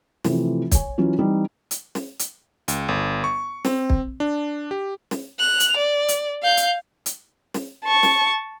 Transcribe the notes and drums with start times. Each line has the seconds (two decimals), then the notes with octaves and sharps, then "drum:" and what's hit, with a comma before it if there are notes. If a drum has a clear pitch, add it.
0.24 C3 E3 F3 A3, drum: snare
0.71 C#5 G#5, drum: kick, hi-hat
0.98 E3 F#3 C#4 F4
1.19 E3 G3 C4 D#4
1.71 drum: hi-hat
1.95 drum: snare
2.19 drum: hi-hat
2.68 C#2, drum: hi-hat
2.89 G1
3.24 C#6
3.65 C4, drum: snare
3.90 drum: kick
4.20 D4
4.71 G4
5.11 drum: snare
5.39 F#6 F7
5.60 drum: hi-hat
5.77 D5
6.08 drum: hi-hat
6.43 F5 G6
6.57 drum: hi-hat
7.06 drum: hi-hat
7.54 drum: snare
7.86 A5 C#6
8.03 drum: snare